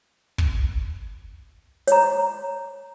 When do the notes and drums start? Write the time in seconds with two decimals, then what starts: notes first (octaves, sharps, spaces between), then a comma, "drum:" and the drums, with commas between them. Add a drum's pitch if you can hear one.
0.38 drum: kick
1.87 C#5 A#5, drum: hi-hat